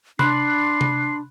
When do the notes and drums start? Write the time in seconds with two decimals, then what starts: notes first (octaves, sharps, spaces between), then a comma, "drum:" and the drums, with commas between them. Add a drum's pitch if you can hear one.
0.19 D4 B5 C6 F#6 C7, drum: tom C3
0.81 drum: tom C3